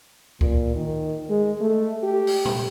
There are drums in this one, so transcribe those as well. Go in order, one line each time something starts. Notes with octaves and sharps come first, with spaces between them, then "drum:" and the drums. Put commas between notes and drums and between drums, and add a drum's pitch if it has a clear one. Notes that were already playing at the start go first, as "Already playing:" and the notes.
A#2, drum: kick C#2
D#3
G#3
A3
G4
drum: open hi-hat
drum: tom A#2